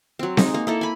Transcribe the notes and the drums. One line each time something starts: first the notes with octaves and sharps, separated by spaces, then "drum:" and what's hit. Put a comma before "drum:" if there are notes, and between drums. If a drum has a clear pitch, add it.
F#3 C4
G#3 D#4, drum: snare C4
A#3
A#3 E4 A4
G#5 B5